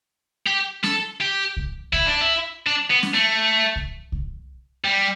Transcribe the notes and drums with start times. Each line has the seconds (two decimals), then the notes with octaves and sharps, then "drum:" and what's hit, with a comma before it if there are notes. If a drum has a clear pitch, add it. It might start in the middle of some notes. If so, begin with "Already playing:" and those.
0.47 G4
0.83 A4, drum: snare
1.20 G4
1.57 drum: kick C2
1.93 E4, drum: kick C2
2.06 D4
2.21 E4
2.67 D4
2.91 B3
3.03 drum: snare
3.14 A3
3.76 drum: kick C2
4.12 drum: kick C2
4.85 G3